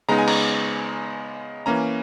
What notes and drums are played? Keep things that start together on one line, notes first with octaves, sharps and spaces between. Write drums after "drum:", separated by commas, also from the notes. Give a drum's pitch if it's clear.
C#3 G#3 B3 D#4 A#5
G#5
A#5, drum: cymbal
E3 A#3 C#4 A#5